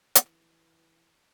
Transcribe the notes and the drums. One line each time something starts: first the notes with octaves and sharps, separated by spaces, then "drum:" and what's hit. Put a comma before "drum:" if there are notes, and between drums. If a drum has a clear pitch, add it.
E3, drum: hi-hat